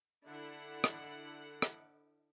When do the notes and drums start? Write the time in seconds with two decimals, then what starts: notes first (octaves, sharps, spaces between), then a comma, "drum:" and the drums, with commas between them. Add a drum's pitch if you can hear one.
0.25 D3 D4 E4 F#5
0.84 drum: rim click
1.62 drum: rim click